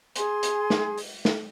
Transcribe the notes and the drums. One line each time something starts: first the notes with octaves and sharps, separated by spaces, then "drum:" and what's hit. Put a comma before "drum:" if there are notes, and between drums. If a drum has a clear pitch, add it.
G#4 G#5 C6, drum: hi-hat
drum: hi-hat
drum: snare
drum: open hi-hat
drum: snare